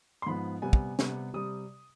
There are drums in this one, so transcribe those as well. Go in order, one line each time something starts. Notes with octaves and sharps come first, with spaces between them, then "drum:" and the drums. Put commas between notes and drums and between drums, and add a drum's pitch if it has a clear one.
C6
G#2 F3 B3 B5
C3 G3 B3 G#5
drum: kick
C3 G3 B3, drum: snare
C3 G3 D#6